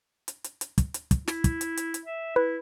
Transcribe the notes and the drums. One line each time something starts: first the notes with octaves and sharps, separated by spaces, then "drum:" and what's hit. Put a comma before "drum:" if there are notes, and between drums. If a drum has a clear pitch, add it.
drum: hi-hat
drum: hi-hat
drum: hi-hat
drum: kick, hi-hat
drum: hi-hat
drum: kick, hi-hat
E4, drum: snare
drum: kick, hi-hat
drum: hi-hat
drum: hi-hat
drum: hi-hat
E5
E4 B4